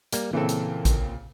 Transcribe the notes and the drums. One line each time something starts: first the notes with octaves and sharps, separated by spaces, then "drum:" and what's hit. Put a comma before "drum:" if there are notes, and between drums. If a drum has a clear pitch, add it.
G3 A#3, drum: hi-hat
A#2 C#3 E3 C4 A4
drum: hi-hat
drum: kick A1, hi-hat